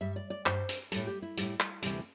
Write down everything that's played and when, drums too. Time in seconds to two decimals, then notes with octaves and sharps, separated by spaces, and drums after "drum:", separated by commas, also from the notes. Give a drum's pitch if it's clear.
0.01 G2 G3 E5
0.16 D5
0.30 D5
0.46 G2 G3 C5, drum: clap
0.69 drum: hi-hat
0.92 A2 G3 A4, drum: hi-hat
1.06 G4
1.22 E4
1.37 A2 G3, drum: hi-hat
1.60 drum: clap
1.82 D2 C3 E3 G3, drum: hi-hat